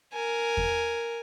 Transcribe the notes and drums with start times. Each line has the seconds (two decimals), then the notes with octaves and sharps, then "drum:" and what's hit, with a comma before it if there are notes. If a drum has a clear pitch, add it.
0.13 A#4 G#5
0.57 drum: kick E2